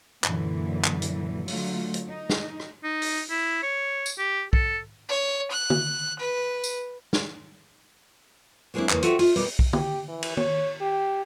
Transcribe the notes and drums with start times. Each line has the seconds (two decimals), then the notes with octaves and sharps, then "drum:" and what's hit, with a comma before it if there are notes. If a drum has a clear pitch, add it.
0.24 F#2 A#2 D3 E3, drum: clap
0.85 drum: clap
1.02 drum: hi-hat
1.48 D3 F#3 A3 F4, drum: open hi-hat
1.94 drum: hi-hat
2.09 D#4
2.29 drum: snare
2.60 drum: rim click
2.84 D#4
3.02 drum: open hi-hat
3.30 E4
3.63 C#5
4.06 drum: tambourine
4.18 G4
4.53 A4, drum: kick
5.09 C#5
5.52 F#6
5.70 drum: tom D3
6.19 B4
6.64 drum: tambourine
7.13 drum: snare
8.74 F#3 G#3 A#3 C4 D4 E4
8.89 E2 C#3 A#3, drum: clap
9.03 F4 F#4 A4 C5 E5 G5, drum: hi-hat
9.19 F4 E5, drum: open hi-hat
9.36 B2 G3 A#3 B3 G4, drum: open hi-hat
9.59 drum: kick
9.73 G4, drum: tom D3
10.09 E3
10.23 drum: cymbal
10.37 C#5, drum: tom
10.81 G4